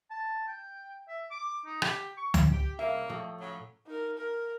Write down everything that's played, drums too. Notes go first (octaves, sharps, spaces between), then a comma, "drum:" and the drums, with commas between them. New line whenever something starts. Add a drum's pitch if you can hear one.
A5
G5
E5
D6
D#4
G4, drum: rim click
C#6
drum: tom C#2
G4
C2 C#3 A#3 E5
A2 F3 A3
C#3 F#3
D#4 A#4
A#4